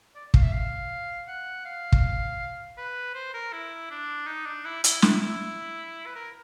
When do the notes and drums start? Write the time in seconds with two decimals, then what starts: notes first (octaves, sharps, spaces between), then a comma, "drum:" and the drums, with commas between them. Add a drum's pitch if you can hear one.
0.15 D5
0.34 F5, drum: kick
0.43 E5
0.52 F5
1.28 F#5
1.65 F5
1.92 drum: kick
2.78 B4
3.15 C5
3.34 A#4
3.53 E4
3.90 D4
4.27 D#4
4.46 D4
4.65 E4
4.84 E4, drum: hi-hat
5.02 E4, drum: snare
5.21 E4
6.06 B4
6.15 A#4